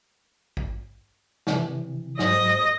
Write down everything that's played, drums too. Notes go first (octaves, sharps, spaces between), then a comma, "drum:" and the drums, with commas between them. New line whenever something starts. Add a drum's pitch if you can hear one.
drum: kick
C3 E3, drum: snare
G#2 F#3 C5 D#5, drum: snare